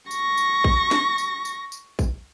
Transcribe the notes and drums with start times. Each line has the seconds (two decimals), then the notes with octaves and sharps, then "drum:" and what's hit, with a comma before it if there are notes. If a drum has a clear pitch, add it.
0.11 C#6 A#6, drum: tambourine
0.38 drum: tambourine
0.64 drum: kick
0.91 drum: snare
1.18 drum: tambourine
1.45 drum: tambourine
1.72 drum: tambourine
1.99 drum: kick, tambourine